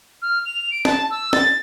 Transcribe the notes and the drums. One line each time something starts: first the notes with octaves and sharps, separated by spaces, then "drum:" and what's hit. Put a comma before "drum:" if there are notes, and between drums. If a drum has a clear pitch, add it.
F6
F7
D7
A5, drum: snare
E6
A6, drum: snare